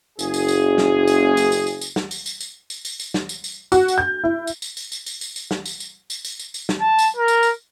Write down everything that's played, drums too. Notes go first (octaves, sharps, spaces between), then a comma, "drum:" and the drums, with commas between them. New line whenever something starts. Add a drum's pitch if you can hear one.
F#1 G#4, drum: tambourine
drum: tambourine
drum: tambourine
drum: snare
drum: tambourine
drum: tambourine
drum: tambourine
drum: tambourine
drum: tambourine
drum: snare
drum: tambourine
drum: tambourine
drum: tambourine
drum: tambourine
drum: tambourine
drum: tambourine
drum: snare
drum: tambourine
drum: tambourine
F#4, drum: tambourine
drum: tambourine
G6
E4
drum: tambourine
drum: tambourine
drum: tambourine
drum: tambourine
drum: tambourine
drum: tambourine
drum: tambourine
drum: snare
drum: tambourine
drum: tambourine
drum: tambourine
drum: tambourine
drum: tambourine
drum: tambourine
drum: snare
A5
drum: tambourine
A#4
drum: tambourine
drum: tambourine